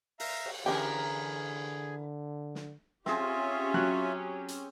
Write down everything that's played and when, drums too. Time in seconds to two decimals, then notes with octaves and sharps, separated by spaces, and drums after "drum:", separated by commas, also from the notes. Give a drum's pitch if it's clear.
0.20 E5 F5 A#5, drum: open hi-hat
0.45 drum: cymbal
0.66 D3 E3 C#4 G4 G#4 A#4 B4
2.55 drum: snare
3.06 C4 C#4 F4 G4 G#4 E5, drum: snare
3.74 F#3 F#6
4.48 drum: hi-hat